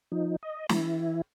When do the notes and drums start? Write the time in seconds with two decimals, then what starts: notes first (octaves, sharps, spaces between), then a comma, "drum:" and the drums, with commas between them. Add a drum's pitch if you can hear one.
0.12 F3 D#4
0.43 D#5
0.69 E3 E4, drum: snare